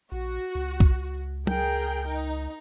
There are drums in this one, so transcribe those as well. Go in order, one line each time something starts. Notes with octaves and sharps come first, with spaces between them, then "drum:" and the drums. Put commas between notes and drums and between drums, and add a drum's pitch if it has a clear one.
A#1 F#4
C#2
drum: kick C2
G#4 A#4 G5, drum: tom
D#4